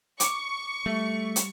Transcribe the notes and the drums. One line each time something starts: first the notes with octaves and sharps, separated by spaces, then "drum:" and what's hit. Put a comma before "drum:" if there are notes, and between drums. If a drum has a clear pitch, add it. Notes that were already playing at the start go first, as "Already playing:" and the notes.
C#6 D6, drum: hi-hat
G3 A3
drum: hi-hat